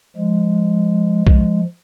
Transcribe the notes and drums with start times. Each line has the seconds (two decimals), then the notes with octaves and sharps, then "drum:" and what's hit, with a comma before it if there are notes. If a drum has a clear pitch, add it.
0.17 F3 G#3
1.27 F3 G#3, drum: kick B1